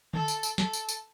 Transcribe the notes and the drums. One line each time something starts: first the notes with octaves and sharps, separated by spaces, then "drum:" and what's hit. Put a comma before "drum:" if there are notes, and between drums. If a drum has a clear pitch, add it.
A4, drum: tom D3
drum: tambourine
drum: tambourine
A4, drum: snare
drum: tambourine
drum: tambourine